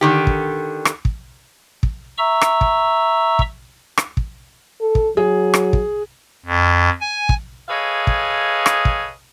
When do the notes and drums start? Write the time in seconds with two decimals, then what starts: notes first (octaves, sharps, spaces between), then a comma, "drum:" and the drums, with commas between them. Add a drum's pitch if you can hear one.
0.01 D3 D#3 G4
0.27 drum: kick
0.85 drum: rim click
1.05 drum: kick
1.83 drum: kick
2.18 E5 A#5 C#6 E6
2.41 drum: rim click
2.61 drum: kick
3.39 drum: kick
3.97 drum: rim click
4.17 drum: kick
4.81 A4
4.95 drum: kick
5.17 F#3 G#4
5.54 drum: rim click
5.73 drum: kick
6.46 F2
7.01 G#5
7.29 drum: kick
7.68 G#4 A4 B4 C#5 D#5 F5
8.07 drum: kick
8.66 drum: rim click
8.85 drum: kick